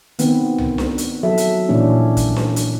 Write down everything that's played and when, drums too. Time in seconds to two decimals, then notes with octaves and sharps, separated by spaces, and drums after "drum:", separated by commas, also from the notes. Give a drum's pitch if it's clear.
0.19 D#3 B3 C4, drum: hi-hat
0.58 drum: tom C2
0.78 drum: snare D4
0.98 drum: hi-hat
1.23 F#3 A4 E5
1.38 drum: hi-hat
1.69 A#2 E3 A#3 C#4 D4
2.17 drum: kick, hi-hat
2.36 drum: snare D4
2.56 drum: hi-hat